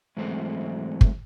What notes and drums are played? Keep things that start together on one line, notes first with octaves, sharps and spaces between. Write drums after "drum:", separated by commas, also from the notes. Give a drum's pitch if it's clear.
G#2 E3 F#3 G#3 A3 C4
drum: kick